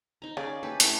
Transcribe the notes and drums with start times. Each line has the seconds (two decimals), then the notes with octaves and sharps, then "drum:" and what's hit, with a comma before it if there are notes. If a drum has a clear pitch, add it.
0.22 D#4 A#5
0.37 C#3 C#4 G#4 D5
0.63 D#2 G4 A4 B4
0.80 A2 C#4 D4 D5, drum: hi-hat